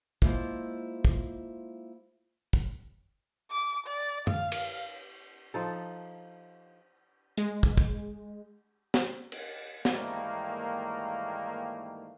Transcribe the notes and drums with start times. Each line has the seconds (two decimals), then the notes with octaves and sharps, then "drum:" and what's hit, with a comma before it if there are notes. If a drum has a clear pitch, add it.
0.22 G#3 A#3 E4 F4 C5 E5, drum: kick
1.05 drum: kick
2.53 drum: kick
3.51 D6
3.86 D5
4.27 F5, drum: tom F#2
4.52 drum: cymbal
5.54 F3 D#4 A4
7.37 G#3, drum: hi-hat
7.63 drum: kick
7.77 drum: kick
8.94 drum: snare
9.32 drum: cymbal
9.85 G#2 D#3 E3 G3 A3 A#3, drum: snare